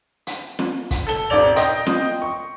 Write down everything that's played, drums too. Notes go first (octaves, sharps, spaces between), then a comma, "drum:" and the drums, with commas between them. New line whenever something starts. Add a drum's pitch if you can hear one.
drum: hi-hat
drum: snare
drum: kick, hi-hat
A4 G7
D#1 G#1 D5 F7
D#5 G5 C6, drum: hi-hat
drum: snare
C#6